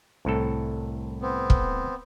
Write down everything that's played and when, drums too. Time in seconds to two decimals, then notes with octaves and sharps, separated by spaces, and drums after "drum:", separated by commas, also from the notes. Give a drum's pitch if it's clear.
0.25 C2 A2 A4
1.22 B3 C4
1.50 drum: kick